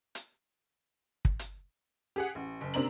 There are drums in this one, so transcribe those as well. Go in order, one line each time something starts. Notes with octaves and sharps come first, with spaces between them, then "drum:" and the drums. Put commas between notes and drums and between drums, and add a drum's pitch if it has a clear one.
drum: hi-hat
drum: kick
drum: hi-hat
G4 G#4 F#5
A1
F#1
C3 A#3 D4 C5 A#5 F#7